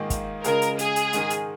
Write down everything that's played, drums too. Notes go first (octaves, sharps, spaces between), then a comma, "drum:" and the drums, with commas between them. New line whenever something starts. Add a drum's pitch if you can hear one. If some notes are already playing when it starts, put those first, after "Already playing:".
Already playing: G#2 D#3 A#3 F4 G#4
drum: kick, hi-hat
C#3 G#3 F4 G#4 A#4, drum: hi-hat
drum: hi-hat
G#4, drum: hi-hat
drum: hi-hat
G#2 D#3 G#3 D#4 A#4, drum: hi-hat
drum: hi-hat